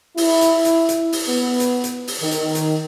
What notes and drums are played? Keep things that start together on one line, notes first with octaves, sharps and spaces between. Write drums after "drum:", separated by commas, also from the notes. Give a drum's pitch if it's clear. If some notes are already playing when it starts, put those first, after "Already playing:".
E4, drum: open hi-hat
drum: hi-hat
drum: hi-hat
drum: hi-hat
drum: open hi-hat
B3
drum: hi-hat
drum: hi-hat
drum: open hi-hat
D#3
drum: hi-hat
drum: hi-hat